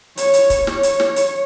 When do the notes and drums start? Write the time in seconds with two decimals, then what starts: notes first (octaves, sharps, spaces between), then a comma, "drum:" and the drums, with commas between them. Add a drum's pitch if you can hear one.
0.17 C#5, drum: hi-hat
0.33 drum: hi-hat
0.50 drum: kick, hi-hat
0.67 C#5, drum: snare
0.83 drum: hi-hat
1.00 drum: snare
1.16 drum: hi-hat